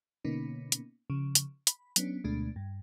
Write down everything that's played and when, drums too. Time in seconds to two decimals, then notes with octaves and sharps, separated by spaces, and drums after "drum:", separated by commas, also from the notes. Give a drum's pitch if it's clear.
0.24 B2 D3 A#3 B3 C#4 D#4
0.72 drum: hi-hat
1.10 C#3 F3
1.35 drum: hi-hat
1.67 B5, drum: hi-hat
1.96 F#3 B3 C#4 D4, drum: hi-hat
2.24 D2 B2 G#3 A3 D4
2.56 G2